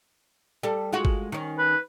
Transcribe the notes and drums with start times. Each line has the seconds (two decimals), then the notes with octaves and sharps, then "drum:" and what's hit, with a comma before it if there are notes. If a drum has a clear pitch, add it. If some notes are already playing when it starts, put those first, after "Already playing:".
0.63 G3 A4
0.92 G#3 F4 F#4
1.05 drum: kick G1
1.32 D#3 C#4
1.58 B4